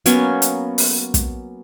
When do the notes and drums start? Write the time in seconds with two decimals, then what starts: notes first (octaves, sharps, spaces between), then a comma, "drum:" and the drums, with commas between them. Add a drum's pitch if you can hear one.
0.06 F#3 A#3 B3 C#4, drum: hi-hat
0.42 drum: hi-hat
0.78 drum: open hi-hat
1.14 drum: kick, hi-hat